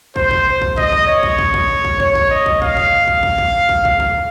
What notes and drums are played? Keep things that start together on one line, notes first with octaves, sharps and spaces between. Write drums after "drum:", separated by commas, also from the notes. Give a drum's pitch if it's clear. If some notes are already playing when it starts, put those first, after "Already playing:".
C5, drum: kick
drum: kick
drum: kick
D#5, drum: kick
drum: kick
C#5
drum: kick
drum: kick
drum: kick
drum: kick
C#5, drum: kick
drum: kick
D#5
drum: kick
F5, drum: kick
drum: kick
drum: kick
drum: kick
drum: kick
drum: kick
F5, drum: kick
drum: kick